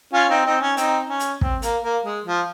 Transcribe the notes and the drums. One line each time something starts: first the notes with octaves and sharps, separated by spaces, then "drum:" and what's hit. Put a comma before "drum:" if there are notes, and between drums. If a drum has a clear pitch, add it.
C#4 F4
C4 D#4
C4 D#4
C#4
C4 D#4, drum: hi-hat
C#4
drum: hi-hat
C4, drum: kick
A#3, drum: hi-hat
A#3
G#3
F3